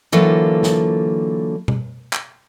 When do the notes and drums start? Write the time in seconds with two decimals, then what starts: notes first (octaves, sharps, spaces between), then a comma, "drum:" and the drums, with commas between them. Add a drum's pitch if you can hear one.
0.12 D3 E3 F#3 A#3 F4 A4
0.63 drum: snare
1.68 drum: tom B2
2.13 drum: clap